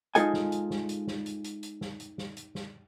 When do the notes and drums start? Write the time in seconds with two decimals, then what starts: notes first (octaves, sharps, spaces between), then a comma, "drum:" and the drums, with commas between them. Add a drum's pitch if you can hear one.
0.15 G#3 D#4 F4 A4 D#5 G#5, drum: hi-hat
0.34 drum: snare
0.52 drum: hi-hat
0.70 drum: snare
0.89 drum: hi-hat
1.07 drum: snare
1.26 drum: hi-hat
1.44 drum: hi-hat
1.63 drum: hi-hat
1.81 drum: snare
2.00 drum: hi-hat
2.18 drum: snare
2.37 drum: hi-hat
2.55 drum: snare